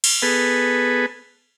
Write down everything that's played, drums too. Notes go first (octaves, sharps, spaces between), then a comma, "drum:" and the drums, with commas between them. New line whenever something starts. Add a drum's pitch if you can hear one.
drum: cymbal
B3 G#4 A4 B4